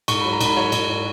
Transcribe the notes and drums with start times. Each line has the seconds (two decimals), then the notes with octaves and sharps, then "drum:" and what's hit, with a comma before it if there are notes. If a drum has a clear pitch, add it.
0.08 G#2 C#6, drum: cymbal
0.21 F#3 B5
0.33 A#5
0.41 G#2 B5, drum: cymbal
0.57 F#3 C#5
0.72 G#2, drum: cymbal
0.89 F#3